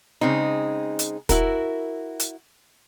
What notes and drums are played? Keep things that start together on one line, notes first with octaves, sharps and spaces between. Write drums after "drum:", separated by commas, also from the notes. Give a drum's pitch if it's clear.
C#3 G#3 C4 D#4
drum: hi-hat
E4 F#4 A#4, drum: kick, hi-hat
drum: hi-hat